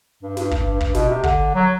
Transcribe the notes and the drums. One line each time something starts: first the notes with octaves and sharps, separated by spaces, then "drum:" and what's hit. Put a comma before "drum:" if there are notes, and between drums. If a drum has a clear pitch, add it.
G2
G2, drum: snare
G2, drum: kick
G2
G2, drum: kick
B2, drum: snare
C3
D3, drum: kick
F#3